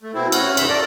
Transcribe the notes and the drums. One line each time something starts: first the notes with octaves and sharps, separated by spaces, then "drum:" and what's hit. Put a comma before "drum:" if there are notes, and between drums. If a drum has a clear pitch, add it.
A3
B2 C4 E4
C#4 F#4 F6, drum: cymbal
E2 G#2 C#3 E5, drum: cymbal
A4 A#4 D5